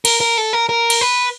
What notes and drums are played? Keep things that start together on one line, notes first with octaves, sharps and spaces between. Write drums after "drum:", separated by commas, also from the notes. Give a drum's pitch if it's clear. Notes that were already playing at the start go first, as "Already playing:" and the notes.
A#4, drum: cymbal
A#4
A4
A#4
A#4
drum: cymbal
B4